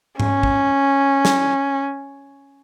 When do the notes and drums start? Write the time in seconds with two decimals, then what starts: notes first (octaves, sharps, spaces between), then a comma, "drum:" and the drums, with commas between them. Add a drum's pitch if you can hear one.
0.20 C#4, drum: tom G#2
0.43 drum: kick
1.25 drum: snare